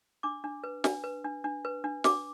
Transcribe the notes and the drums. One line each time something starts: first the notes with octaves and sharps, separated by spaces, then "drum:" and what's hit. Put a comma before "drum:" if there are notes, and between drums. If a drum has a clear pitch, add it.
D4 D6
D4
B4
D4, drum: snare
B4
D4
D4
B4
D4
D4 D6, drum: snare